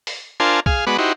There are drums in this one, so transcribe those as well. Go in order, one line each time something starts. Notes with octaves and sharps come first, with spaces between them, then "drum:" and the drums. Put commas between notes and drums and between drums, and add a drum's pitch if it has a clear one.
drum: open hi-hat
D4 F4 A#4 C5 G#5 A5
G#4 F5, drum: kick B1
G#3 B3 F#4 B4 D5
D#4 E4 F#4 G4 C5